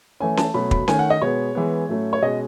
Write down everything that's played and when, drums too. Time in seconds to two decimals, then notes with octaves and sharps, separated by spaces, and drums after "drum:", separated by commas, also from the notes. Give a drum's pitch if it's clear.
0.20 E3 A3 C#4 G#5
0.37 A5, drum: snare C#4
0.54 B2 F#3 A3 C#4 B5
0.71 B5, drum: kick
0.88 D#3 A3 C#4 G#5, drum: snare C#4
0.99 F#5
1.10 D#5
1.21 B2 G#3 B3 C#5
1.55 E3 G#3 B3
1.89 A2 F#3 A3 C#4
2.13 C#5
2.22 B2 G#3 C#4 D#5